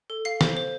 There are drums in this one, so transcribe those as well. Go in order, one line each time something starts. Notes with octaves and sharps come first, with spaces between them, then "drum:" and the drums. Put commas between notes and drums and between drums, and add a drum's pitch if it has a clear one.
A4
F5 C7
C5, drum: snare
C5